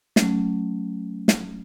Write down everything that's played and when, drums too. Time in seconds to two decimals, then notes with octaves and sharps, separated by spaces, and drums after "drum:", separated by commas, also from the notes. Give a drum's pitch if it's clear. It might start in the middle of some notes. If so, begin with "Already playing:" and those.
0.16 F#3 A3 C#4, drum: snare
1.28 drum: snare